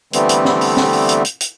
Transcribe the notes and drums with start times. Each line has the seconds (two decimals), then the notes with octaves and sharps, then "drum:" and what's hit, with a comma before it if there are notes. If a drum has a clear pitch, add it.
0.13 D3 E3 G3 A3 B3 C4, drum: hi-hat
0.29 drum: hi-hat
0.45 drum: snare
0.61 drum: open hi-hat
0.77 drum: snare
0.93 drum: open hi-hat
1.09 drum: hi-hat
1.25 drum: hi-hat
1.41 drum: hi-hat